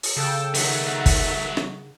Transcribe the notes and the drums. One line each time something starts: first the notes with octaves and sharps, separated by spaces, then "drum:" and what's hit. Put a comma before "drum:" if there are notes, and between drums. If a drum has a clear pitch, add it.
drum: open hi-hat
C#3 A4 G5 A5
D#3 F#3 A3 D#4 F#5, drum: open hi-hat
drum: kick, open hi-hat
drum: rim click